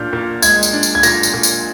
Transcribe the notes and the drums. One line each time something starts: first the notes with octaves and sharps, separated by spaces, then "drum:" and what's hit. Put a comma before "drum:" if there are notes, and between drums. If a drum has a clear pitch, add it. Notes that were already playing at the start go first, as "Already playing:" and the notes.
Already playing: A#2 D4 F6 G6
A#2
G#3 G#6, drum: tambourine
drum: tambourine
D4
drum: tambourine
G#6
A#2 A#6, drum: tambourine
drum: tambourine
A#2
drum: tambourine